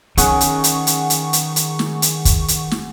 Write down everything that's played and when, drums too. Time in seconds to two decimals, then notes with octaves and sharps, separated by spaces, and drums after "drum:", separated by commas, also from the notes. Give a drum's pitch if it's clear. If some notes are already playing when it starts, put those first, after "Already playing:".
0.17 D#3 C#4 G#4 F#5 C#6, drum: hi-hat
0.41 drum: hi-hat
0.64 drum: hi-hat
0.87 drum: hi-hat
1.10 drum: hi-hat
1.33 drum: hi-hat
1.56 drum: hi-hat
1.79 drum: snare
2.02 drum: hi-hat
2.25 drum: kick, hi-hat
2.48 drum: hi-hat
2.71 drum: snare